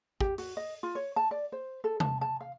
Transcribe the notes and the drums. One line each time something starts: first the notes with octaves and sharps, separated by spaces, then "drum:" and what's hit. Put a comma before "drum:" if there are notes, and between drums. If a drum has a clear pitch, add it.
G4, drum: kick
F#4, drum: open hi-hat
D#5
F4
C#5
A5
D5
C5
A4
A5, drum: tom C3
A5
F5